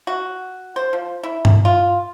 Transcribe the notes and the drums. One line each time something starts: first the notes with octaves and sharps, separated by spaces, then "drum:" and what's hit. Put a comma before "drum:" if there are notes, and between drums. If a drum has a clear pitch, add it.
F#4
C5
F3
E4
drum: tom G2
F4